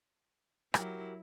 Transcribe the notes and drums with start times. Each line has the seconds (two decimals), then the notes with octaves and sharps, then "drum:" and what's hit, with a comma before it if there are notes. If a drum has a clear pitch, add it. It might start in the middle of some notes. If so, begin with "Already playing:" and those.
0.74 F#3 E4 F#4 G4 A#4, drum: rim click